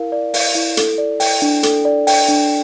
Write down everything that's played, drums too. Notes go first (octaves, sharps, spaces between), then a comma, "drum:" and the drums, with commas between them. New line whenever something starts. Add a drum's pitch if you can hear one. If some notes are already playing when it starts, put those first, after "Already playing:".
Already playing: E4 A#4 F5
D5
F5, drum: open hi-hat
E4
A4, drum: hi-hat
D5
G5, drum: open hi-hat
D4
A4, drum: hi-hat
D5
G5, drum: open hi-hat
D4